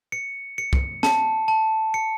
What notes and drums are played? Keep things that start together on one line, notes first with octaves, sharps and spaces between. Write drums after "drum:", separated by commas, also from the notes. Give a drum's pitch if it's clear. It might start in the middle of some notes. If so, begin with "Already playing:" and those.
C#7
C#7
drum: kick
A5, drum: snare
A5
C#7